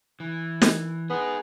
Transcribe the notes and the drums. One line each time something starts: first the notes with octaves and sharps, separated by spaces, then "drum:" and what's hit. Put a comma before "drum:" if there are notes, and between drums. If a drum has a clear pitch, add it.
E3
drum: snare
B3 D#4 G#4